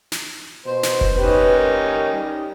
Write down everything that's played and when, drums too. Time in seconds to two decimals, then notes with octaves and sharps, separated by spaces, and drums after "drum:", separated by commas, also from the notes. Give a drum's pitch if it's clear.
0.12 drum: snare
0.66 B2 C5
0.83 drum: snare
1.01 drum: kick F1
1.16 C#4 D#4 G4 B4
1.55 A#4
2.13 G3